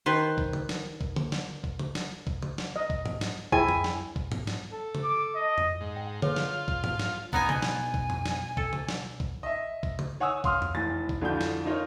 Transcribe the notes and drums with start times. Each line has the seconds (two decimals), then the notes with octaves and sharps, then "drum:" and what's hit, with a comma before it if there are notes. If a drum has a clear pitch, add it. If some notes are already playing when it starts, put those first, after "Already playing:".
0.06 D#3 B4 C5
0.38 drum: kick
0.53 drum: tom C#3
0.69 drum: snare
1.01 drum: kick
1.16 drum: tom D3
1.32 drum: snare
1.64 drum: kick
1.79 drum: tom C#3
1.95 drum: snare
2.27 drum: kick
2.42 drum: tom C#3
2.58 drum: snare
2.76 D#5
2.90 drum: kick
3.06 drum: tom G#2
3.21 drum: snare
3.52 E4 G#4 G5 G#5, drum: kick
3.69 drum: tom F2
3.84 drum: snare
4.16 drum: kick
4.32 drum: tom G#2
4.47 drum: snare
4.71 A4
4.95 drum: tom C#3
5.04 D6
5.36 D#5
5.58 drum: tom F2
5.81 G#2
5.96 G5
6.22 F4 G#4 B4 C#5, drum: tom D3
6.36 drum: snare
6.68 drum: kick
6.84 drum: tom G#2
6.99 drum: snare
7.33 B3 D#4 G#5 A#5, drum: kick
7.49 B2 G#5, drum: tom C#3
7.62 drum: snare
7.94 drum: kick
8.10 drum: tom F2
8.25 drum: snare
8.57 A4, drum: kick
8.73 drum: tom C#3
8.89 drum: snare
9.20 drum: kick
9.43 D#5 E5
9.83 drum: kick
9.99 drum: tom C#3
10.20 C#5 F#5 G#5 D#6 E6
10.44 F5 C6 D#6 F6, drum: kick
10.62 drum: tom F2
10.75 F1 E3 A6
11.09 drum: kick
11.21 F2 D3 E3 F4 F#4 G6
11.41 drum: snare
11.66 D#4 F4 A#4 C#5